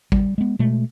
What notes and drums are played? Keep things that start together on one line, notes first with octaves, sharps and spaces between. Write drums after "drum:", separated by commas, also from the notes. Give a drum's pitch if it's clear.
G3, drum: kick
G#3 B3
B2 G#3 A3